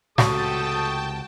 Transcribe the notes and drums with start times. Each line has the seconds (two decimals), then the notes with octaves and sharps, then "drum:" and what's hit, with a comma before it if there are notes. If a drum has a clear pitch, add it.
0.18 C#2 C3 A3 F#4 A4 G5 A5 D#6, drum: snare